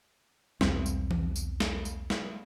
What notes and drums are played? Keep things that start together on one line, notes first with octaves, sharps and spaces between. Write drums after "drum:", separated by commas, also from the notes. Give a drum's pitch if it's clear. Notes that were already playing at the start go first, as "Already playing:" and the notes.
B1 E2 G3 C4, drum: snare
drum: tambourine
drum: tom E3
drum: tambourine
drum: snare
drum: tambourine
drum: snare